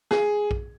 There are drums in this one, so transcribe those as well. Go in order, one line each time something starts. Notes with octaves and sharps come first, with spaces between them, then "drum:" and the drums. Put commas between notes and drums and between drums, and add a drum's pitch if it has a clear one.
G#4, drum: snare
drum: kick A#1